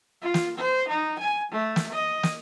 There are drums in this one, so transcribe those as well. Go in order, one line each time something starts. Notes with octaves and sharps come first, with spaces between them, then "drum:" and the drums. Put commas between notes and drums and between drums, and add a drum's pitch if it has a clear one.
F4
drum: snare
C5
D#4
G#5
A3
drum: snare
D#5
drum: snare